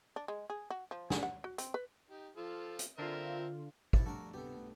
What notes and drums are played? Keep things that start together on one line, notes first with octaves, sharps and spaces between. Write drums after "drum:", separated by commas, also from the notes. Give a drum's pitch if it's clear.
D4
G#3
G#4
F#4
F3
G#4, drum: snare
F#5
F#4
C4, drum: hi-hat
B4
D#4 G4
F3 F4 A4
drum: hi-hat
D3 C4 F4 A#4 E5
C3 E4 A4, drum: kick
G2 F3 A3 D4 F#4 A4 A#4
D1 C3 B3 C4 G4 A4
B1 E2 A3